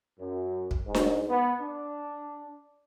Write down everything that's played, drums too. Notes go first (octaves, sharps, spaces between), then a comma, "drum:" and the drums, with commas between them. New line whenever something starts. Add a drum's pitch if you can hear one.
F#2
drum: kick
G#2
drum: snare D4
B3
D4